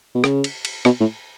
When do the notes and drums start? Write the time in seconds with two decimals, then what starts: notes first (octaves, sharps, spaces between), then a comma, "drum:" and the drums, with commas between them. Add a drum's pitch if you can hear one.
0.15 B2
0.24 C#3, drum: rim click
0.44 drum: cymbal
0.65 drum: cymbal
0.85 B2, drum: rim click
1.00 A2